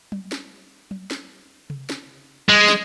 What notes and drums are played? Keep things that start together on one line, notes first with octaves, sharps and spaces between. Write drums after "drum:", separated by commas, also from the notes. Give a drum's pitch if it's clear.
drum: tom F#3
drum: snare
drum: tom F#3
drum: snare
drum: tom C3
drum: snare
G#3, drum: tom F#3
drum: snare